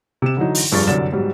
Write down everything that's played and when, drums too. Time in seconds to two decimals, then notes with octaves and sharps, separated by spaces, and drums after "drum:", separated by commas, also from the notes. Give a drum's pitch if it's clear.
0.22 C3 E7
0.37 D3 E3 F#3 D#4
0.55 drum: open hi-hat
0.72 F1 G2 F4 G#4 C#6 A6
0.87 C2 F#2 D3 D5 A6 E7
1.12 G#2 F#3 G3